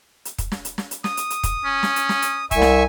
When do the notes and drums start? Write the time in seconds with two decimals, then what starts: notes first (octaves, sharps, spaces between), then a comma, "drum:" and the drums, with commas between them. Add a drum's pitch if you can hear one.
0.25 drum: hi-hat
0.38 drum: kick, hi-hat
0.52 drum: snare
0.65 drum: hi-hat
0.78 drum: snare
0.91 drum: hi-hat
1.04 D#6, drum: snare
1.17 drum: hi-hat
1.30 drum: hi-hat
1.43 drum: kick, hi-hat
1.65 C#4
1.83 drum: snare
1.96 drum: hi-hat
2.09 drum: snare
2.22 drum: hi-hat
2.51 C2 E5 G#5 C#6 E6, drum: kick, hi-hat
2.62 drum: snare